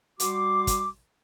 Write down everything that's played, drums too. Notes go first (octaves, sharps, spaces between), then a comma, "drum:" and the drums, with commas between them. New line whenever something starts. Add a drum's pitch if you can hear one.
G3 F#4 C6 D6, drum: hi-hat
drum: kick, hi-hat